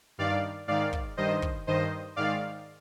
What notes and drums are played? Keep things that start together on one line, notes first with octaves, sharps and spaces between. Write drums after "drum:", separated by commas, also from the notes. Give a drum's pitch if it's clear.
G2 D#3 D5 F5
G#2 D#3 D5 F5
drum: kick
G2 D#3 C5 D#5
drum: kick
G2 D#3 C5 D#5
G#2 D#3 D5 F5